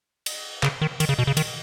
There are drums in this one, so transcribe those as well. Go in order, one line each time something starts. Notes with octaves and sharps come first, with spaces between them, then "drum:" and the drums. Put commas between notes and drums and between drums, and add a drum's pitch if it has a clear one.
drum: cymbal
C#3, drum: clap
D#3
D#3, drum: cymbal
C#3
B2
C#3
D#3, drum: cymbal